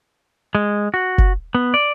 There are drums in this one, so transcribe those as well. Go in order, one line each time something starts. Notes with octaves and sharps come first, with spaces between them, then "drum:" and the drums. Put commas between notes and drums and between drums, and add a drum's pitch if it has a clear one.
G#3
F#4
drum: kick F#1
B3
D5